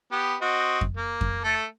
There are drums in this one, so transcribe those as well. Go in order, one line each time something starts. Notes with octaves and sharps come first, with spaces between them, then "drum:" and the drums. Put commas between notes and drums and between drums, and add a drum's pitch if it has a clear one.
B3 G4
C4 F#4 D#5
drum: kick F2
A#3
drum: kick F2
A3 A4